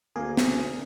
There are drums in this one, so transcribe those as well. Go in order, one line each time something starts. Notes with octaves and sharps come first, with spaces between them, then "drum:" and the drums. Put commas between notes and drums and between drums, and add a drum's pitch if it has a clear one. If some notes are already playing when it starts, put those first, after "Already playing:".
D2 A#3 G#4
drum: snare